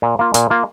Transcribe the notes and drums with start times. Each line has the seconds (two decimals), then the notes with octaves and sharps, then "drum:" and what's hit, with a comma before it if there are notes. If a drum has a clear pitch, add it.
0.02 A#2
0.19 A#3 F4
0.34 A#2, drum: hi-hat
0.50 A#3 F4